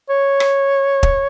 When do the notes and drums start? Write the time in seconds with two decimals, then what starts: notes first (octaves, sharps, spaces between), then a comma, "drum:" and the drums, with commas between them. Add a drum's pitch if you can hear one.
0.09 C#5
0.40 drum: rim click
1.03 drum: kick